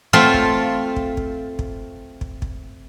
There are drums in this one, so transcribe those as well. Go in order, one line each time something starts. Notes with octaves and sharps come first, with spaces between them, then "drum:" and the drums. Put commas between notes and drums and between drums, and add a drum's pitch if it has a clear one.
A3 C4 F4
drum: kick
drum: kick
drum: kick
drum: kick
drum: kick
drum: kick